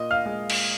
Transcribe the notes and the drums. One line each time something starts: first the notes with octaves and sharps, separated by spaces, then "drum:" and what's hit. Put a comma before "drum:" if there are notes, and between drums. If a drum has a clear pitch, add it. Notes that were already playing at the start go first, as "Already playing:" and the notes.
Already playing: A#2 D#5
F5 F6
G#3
drum: cymbal